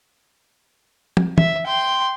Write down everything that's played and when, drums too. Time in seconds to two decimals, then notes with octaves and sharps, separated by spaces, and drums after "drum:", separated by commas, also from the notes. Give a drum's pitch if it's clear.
1.17 drum: tom
1.38 E5, drum: tom
1.67 G5 C6